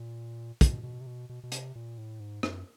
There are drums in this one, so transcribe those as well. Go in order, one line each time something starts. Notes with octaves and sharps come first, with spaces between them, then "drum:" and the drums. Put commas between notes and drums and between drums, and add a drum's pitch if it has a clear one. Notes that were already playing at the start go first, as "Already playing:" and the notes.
Already playing: A#2
B2, drum: kick, hi-hat
B2
C3
B2
B2
B2
C3, drum: hi-hat
A#2
A2
G#2
F#2, drum: rim click